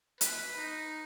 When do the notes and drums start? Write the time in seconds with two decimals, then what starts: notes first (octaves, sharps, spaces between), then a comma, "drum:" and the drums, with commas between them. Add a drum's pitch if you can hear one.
0.21 B4, drum: hi-hat
0.57 D#4